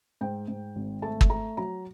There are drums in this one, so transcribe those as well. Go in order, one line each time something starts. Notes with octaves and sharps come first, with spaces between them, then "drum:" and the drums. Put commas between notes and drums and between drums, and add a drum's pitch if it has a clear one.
G#2 G5
G#2
G#1
A3 A5
drum: kick
A3 A#5
F#3 A#5